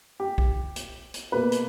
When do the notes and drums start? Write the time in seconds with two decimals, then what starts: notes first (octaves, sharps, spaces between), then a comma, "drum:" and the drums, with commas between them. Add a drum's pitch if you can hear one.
0.20 G4
0.38 drum: kick B1
0.76 drum: hi-hat
1.14 drum: hi-hat
1.32 B2 A#3 B4
1.52 drum: hi-hat